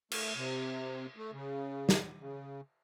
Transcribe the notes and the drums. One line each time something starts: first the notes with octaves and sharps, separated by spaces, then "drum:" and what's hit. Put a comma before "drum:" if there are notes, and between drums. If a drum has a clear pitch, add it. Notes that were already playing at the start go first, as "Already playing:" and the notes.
A3, drum: cymbal
C3
A3
C#3
drum: snare
C#3